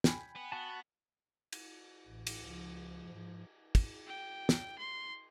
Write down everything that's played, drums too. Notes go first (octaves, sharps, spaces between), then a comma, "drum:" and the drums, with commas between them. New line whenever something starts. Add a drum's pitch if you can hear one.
G5 G#5 B5, drum: snare
B3
B3 F#4 A5
drum: cymbal
A1
drum: cymbal
C#2 F3
G#2 F3
drum: kick, cymbal
G5
drum: snare
C6